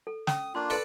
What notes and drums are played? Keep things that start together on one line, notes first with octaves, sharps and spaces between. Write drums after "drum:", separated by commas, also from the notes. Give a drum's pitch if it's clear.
A4
C#4 D#6, drum: snare
A#3 D4 F4 C6 C#6
A4 B4 D5